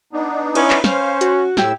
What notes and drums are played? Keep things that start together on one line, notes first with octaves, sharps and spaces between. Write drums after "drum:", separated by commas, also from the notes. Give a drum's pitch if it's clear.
B3 D4 D#4
C#4 E4 B4 C#5 B5, drum: cymbal
drum: clap
C#4 C5 F5, drum: snare
F#4, drum: hi-hat
A2 E4 G4 E6, drum: snare